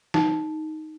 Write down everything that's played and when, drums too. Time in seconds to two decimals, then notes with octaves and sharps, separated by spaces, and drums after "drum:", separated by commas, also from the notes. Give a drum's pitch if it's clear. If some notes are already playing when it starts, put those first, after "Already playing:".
0.14 D#4, drum: snare